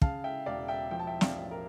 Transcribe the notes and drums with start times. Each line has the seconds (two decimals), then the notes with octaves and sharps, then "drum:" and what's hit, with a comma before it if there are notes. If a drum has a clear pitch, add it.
0.02 C#3 F5 A5, drum: kick
0.24 E5 G5
0.46 E1 D5 F5
0.68 E5 G5
0.91 F3 G5
0.99 A5
1.07 E5 G5
1.21 D5 F5, drum: snare
1.36 A1
1.51 A#4